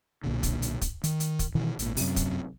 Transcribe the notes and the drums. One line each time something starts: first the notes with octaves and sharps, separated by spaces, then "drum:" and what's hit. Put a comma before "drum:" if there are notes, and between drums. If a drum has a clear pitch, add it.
B1 A#2 D3
drum: kick, hi-hat
drum: hi-hat
drum: kick, hi-hat
D#3, drum: hi-hat
drum: hi-hat
drum: kick, hi-hat
B2 D#3 E3
G#1 A#2, drum: hi-hat
F#2 C3, drum: open hi-hat
drum: kick, hi-hat